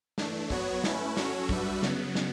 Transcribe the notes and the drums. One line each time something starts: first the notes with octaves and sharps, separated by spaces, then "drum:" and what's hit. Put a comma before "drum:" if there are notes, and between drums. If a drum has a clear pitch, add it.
E3 A3 D4, drum: snare
F#3 B3 F#4 C#5, drum: kick
A3 C#4 E4 B4, drum: snare
F#3 C#4 F#4 A4 C#5, drum: snare
G3 D4 F#4 B4 E5, drum: kick
C#3 F#3 B3, drum: snare
drum: snare